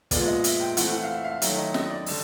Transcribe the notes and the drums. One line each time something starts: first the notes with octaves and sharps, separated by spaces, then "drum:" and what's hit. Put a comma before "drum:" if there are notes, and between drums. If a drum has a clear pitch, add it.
A#2 F3 G#3 B3 D5, drum: kick, hi-hat
D#5
E5, drum: hi-hat
G5
E3 A3 C4 F#5, drum: hi-hat
F#5
F5
E5
F5
D#3 F#3 A3 E5, drum: hi-hat
D#5
D#5, drum: snare
D5
D3 G3, drum: open hi-hat